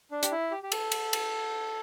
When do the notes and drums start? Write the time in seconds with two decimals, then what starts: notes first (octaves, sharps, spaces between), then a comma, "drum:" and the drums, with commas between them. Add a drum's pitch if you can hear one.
0.11 D4
0.23 G4, drum: hi-hat
0.31 E4
0.51 G4
0.63 G4
0.72 A4, drum: cymbal
0.92 drum: cymbal
1.13 drum: cymbal